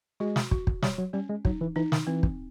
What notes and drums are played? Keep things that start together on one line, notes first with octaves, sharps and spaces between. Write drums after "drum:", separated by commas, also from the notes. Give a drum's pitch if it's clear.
G#3 F#4
drum: snare
F#4, drum: kick
drum: kick
G3 C#5, drum: snare
F#3
G3 C#4
G#3
F#3 D#4, drum: kick
E3
E3 D#4
D#3, drum: snare
E3 C4
drum: kick